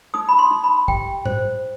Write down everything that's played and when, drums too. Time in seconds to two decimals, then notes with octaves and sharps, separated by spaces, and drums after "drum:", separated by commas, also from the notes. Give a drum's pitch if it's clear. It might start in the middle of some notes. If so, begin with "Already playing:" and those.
0.14 D#4 D#6
0.29 B5
0.39 C6
0.51 D#4
0.64 B5
0.88 G4 G5, drum: kick
1.25 C5, drum: tom A2